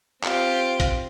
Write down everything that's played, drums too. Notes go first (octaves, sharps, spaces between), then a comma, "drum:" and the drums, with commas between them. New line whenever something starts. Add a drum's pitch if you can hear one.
C4 F4 G4, drum: clap
drum: kick A#1, hi-hat